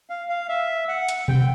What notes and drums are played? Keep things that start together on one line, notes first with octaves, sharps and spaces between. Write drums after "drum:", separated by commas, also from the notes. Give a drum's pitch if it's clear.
F5
F5
E5
F#5
drum: hi-hat
G5, drum: tom B2